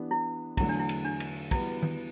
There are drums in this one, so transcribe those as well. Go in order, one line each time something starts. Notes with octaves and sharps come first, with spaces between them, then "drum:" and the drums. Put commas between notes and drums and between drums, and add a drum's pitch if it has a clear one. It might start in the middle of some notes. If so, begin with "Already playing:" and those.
Already playing: E3 B3 D4 G4
E4
E2 D3 F#3 A3 E4, drum: kick, cymbal
D4
E4
drum: cymbal
D4
drum: cymbal
E3 G3 B3 E4 F#4 B4, drum: kick, cymbal
drum: tom D#3